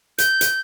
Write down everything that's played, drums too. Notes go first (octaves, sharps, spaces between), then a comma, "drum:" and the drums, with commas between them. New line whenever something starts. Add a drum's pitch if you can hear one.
G6, drum: hi-hat
drum: hi-hat